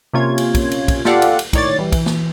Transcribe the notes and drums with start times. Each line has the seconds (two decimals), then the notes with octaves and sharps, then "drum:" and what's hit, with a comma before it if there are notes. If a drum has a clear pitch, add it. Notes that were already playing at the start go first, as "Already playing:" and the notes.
0.13 C3 A#3 C#4 F4 C#5 G#6
0.38 drum: cymbal
0.55 drum: kick, cymbal
0.71 drum: cymbal
0.88 drum: kick, cymbal
1.05 F4 G4 A4 D5 F5 F#5, drum: snare
1.22 drum: cymbal
1.39 drum: cymbal
1.53 A2 D#3 C#5 D5 A6, drum: kick, cymbal
1.79 E3 G3
1.92 E3, drum: kick, cymbal
2.06 drum: snare